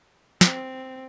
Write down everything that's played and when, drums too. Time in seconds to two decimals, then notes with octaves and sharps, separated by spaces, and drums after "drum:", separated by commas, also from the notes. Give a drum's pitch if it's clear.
0.41 C4, drum: snare